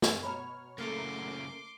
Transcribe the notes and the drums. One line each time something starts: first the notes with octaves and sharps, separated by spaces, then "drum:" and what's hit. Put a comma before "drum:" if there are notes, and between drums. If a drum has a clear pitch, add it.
drum: snare
B2 C#5 A#5 B5 F6
F#2 C#3 A3 A#3 A4 A#4 C6 D6